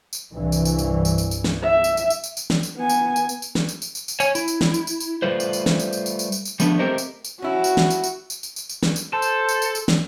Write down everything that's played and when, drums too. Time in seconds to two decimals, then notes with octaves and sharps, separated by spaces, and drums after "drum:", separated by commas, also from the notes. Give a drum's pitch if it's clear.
0.13 drum: tambourine
0.33 C2 G2 E3
0.52 drum: tambourine
0.65 drum: tambourine
0.79 drum: tambourine
1.05 drum: tambourine
1.18 drum: tambourine
1.31 drum: tambourine
1.44 drum: snare
1.63 E5
1.84 drum: tambourine
1.97 drum: tambourine
2.10 drum: tambourine
2.24 drum: tambourine
2.37 drum: tambourine
2.50 drum: snare
2.63 drum: tambourine
2.76 B3 G#5
2.89 drum: tambourine
3.16 drum: tambourine
3.29 drum: tambourine
3.42 drum: tambourine
3.55 drum: snare
3.69 drum: tambourine
3.82 drum: tambourine
3.95 drum: tambourine
4.08 drum: tambourine
4.20 C#5 G#5, drum: tambourine
4.35 E4, drum: tambourine
4.48 drum: tambourine
4.61 drum: snare
4.74 drum: tambourine
4.87 drum: tambourine
5.00 drum: tambourine
5.22 G3 A3 F4 B4 C5
5.40 drum: tambourine
5.53 drum: tambourine
5.66 drum: snare
5.79 drum: tambourine
5.93 drum: tambourine
6.06 drum: tambourine
6.19 drum: tambourine
6.32 drum: tambourine
6.45 drum: tambourine
6.60 F3 G3 A3 B3 D4, drum: tambourine
6.79 A3 C4 G4 A#4 C5 D#5
6.98 drum: tambourine
7.24 drum: tambourine
7.42 C#4 E4 F#4
7.64 drum: tambourine
7.77 drum: snare
7.90 drum: tambourine
8.04 drum: tambourine
8.30 drum: tambourine
8.43 drum: tambourine
8.56 drum: tambourine
8.69 drum: tambourine
8.83 drum: snare
8.96 drum: tambourine
9.13 A4 C5
9.22 drum: tambourine
9.49 drum: tambourine
9.62 drum: tambourine
9.75 drum: tambourine
9.88 drum: snare